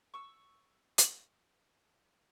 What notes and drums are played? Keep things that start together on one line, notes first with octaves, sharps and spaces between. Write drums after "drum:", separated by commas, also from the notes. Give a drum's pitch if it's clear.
C#6 E6
drum: hi-hat